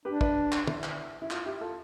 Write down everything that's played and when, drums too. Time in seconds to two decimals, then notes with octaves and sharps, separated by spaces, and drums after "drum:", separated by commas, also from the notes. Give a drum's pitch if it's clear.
0.05 D4 G4 B4
0.21 B4 D5, drum: kick
0.52 drum: clap
0.67 E4, drum: tom
0.83 drum: clap
1.22 E4
1.30 F4, drum: clap
1.46 E4 G4
1.61 F4 A4